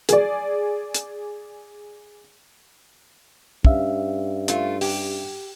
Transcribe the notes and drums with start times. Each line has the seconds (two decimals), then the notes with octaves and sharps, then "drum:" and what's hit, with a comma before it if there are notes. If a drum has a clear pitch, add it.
0.09 G#4 D5, drum: hi-hat
0.95 drum: hi-hat
3.65 G2 C#4 E5 F5, drum: kick
4.48 A3 F4, drum: hi-hat
4.81 G4, drum: open hi-hat